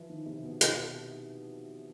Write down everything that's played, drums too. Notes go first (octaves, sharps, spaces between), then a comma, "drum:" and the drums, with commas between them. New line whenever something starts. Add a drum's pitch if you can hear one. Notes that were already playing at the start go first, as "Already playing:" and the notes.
Already playing: E3 F3
D#3
C3
B2
drum: hi-hat